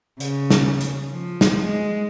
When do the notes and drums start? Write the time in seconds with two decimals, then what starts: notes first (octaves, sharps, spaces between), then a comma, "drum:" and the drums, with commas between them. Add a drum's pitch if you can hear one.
0.20 C#3, drum: hi-hat
0.50 drum: snare
0.81 drum: hi-hat
1.12 F3
1.41 drum: snare
1.65 G#3